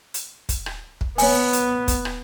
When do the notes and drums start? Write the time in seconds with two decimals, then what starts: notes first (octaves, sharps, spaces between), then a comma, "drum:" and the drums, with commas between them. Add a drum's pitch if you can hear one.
0.14 drum: hi-hat
0.49 drum: kick, hi-hat
0.66 drum: rim click
1.01 drum: kick
1.18 B3 C#5 G#5, drum: open hi-hat
1.53 drum: hi-hat
1.88 drum: kick, hi-hat
2.05 drum: rim click